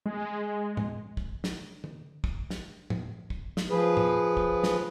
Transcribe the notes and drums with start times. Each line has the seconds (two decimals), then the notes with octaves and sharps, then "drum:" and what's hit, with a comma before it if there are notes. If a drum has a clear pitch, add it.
0.06 G#3
0.77 drum: tom
1.17 drum: kick
1.44 drum: snare
1.84 drum: tom
2.24 drum: kick
2.50 drum: snare
2.90 drum: tom
3.30 drum: kick
3.57 drum: snare
3.70 F3 G#4 B4
3.97 drum: tom
4.37 drum: kick
4.64 drum: snare